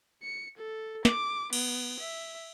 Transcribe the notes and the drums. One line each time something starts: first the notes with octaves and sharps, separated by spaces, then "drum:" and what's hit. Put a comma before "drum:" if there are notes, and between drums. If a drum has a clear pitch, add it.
C#7
A4
D6, drum: snare
B3, drum: cymbal
E5